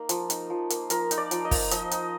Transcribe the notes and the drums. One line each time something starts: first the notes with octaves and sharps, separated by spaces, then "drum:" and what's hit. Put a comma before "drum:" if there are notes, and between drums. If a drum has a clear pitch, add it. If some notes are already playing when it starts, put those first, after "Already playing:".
Already playing: A#3 D#4
F3, drum: hi-hat
D#4, drum: hi-hat
F3
A#3, drum: hi-hat
F3 A#4, drum: hi-hat
D#4, drum: hi-hat
D5
F3, drum: hi-hat
D#5
A#3, drum: kick, open hi-hat
F3 D#5, drum: hi-hat
D#4, drum: hi-hat